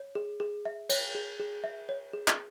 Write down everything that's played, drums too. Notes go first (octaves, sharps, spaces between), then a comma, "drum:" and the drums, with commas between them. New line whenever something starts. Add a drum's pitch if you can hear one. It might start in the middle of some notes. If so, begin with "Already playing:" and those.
Already playing: C#5
G#4
G#4
E5
C#5, drum: cymbal
G#4
G#4
E5
C#5
G#4
drum: clap